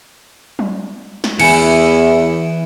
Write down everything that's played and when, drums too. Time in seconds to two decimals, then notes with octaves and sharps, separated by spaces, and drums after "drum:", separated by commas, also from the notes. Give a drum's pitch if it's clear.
0.59 drum: tom F#3
1.24 drum: snare
1.40 E2 E3 E4 G#5 C#7, drum: cymbal